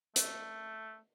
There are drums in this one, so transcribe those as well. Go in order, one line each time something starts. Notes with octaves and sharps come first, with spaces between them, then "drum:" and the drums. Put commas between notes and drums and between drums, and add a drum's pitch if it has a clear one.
A3, drum: hi-hat